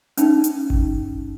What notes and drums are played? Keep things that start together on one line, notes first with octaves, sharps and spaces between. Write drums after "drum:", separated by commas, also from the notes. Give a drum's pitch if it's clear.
C#4 D#4, drum: hi-hat
drum: hi-hat
drum: kick G1